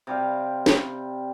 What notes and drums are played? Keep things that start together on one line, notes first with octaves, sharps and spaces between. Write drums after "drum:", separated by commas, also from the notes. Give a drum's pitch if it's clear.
C3 G3 F5
drum: snare